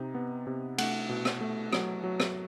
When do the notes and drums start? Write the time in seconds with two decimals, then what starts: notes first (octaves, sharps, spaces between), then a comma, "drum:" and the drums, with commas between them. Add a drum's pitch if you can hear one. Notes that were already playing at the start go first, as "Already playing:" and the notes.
Already playing: C3 D#4
0.15 B3
0.47 C3
0.78 A3 F#5, drum: cymbal
1.09 B2
1.25 drum: rim click
1.41 A3
1.73 F#3, drum: rim click
2.04 F#3
2.20 drum: rim click